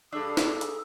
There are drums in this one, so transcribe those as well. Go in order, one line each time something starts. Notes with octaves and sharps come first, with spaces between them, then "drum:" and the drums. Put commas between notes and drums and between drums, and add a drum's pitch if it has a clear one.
G2 D4 G#4 A4
drum: snare
drum: hi-hat